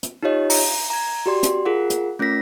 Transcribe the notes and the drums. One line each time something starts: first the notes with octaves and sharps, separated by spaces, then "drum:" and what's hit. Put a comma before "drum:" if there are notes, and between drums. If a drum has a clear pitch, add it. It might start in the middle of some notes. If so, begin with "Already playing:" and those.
drum: hi-hat
D#4 F4 G4 C#5 D#5
A#5, drum: open hi-hat
A#5 G#6
F#4 G4 D5 C6
drum: hi-hat
F4 G#4 A#4 F#5
drum: hi-hat
A3 C#4 F4 A#4 A#6 B6